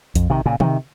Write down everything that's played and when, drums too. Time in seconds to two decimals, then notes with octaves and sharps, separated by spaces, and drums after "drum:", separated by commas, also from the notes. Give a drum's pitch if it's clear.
0.15 F2, drum: kick A#1, hi-hat
0.30 C3 D#3
0.46 A#2 C#3
0.60 C3 D#3, drum: tom